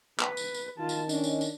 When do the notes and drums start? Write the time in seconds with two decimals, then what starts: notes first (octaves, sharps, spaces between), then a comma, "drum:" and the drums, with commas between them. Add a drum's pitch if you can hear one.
0.20 B4, drum: clap
0.37 drum: tambourine
0.54 drum: tambourine
0.78 D#3 F4 A5
0.89 drum: tambourine
1.09 C#4 D4 D#5, drum: tambourine
1.24 drum: tambourine
1.41 drum: tambourine